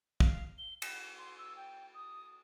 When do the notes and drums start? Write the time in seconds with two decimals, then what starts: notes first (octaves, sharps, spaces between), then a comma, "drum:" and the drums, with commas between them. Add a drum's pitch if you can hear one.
0.20 F5, drum: kick
0.58 G7
0.82 E7, drum: cymbal
1.18 C6
1.38 E6
1.57 G5
1.94 D#6